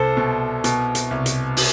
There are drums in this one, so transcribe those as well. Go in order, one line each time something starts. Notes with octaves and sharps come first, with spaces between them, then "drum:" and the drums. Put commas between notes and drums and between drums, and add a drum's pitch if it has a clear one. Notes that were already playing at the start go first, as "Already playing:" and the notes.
Already playing: C2 A4 C5
B2
B2, drum: hi-hat
drum: hi-hat
C2
drum: hi-hat
drum: open hi-hat